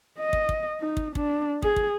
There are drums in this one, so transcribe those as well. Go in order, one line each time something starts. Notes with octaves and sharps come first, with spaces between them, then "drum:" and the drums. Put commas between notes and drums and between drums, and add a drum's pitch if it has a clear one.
D#5
drum: kick
drum: kick
D#4
drum: kick
D4, drum: kick
G#4, drum: kick
drum: kick